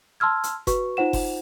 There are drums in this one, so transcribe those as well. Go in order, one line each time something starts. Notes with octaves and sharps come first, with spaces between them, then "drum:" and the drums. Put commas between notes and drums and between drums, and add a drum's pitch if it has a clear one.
A5 C6 E6 F6 G#6
drum: hi-hat
F#4 B4 C#6, drum: kick F#1, hi-hat
D#4 F4 C5 F#5 E7
drum: kick F#1, open hi-hat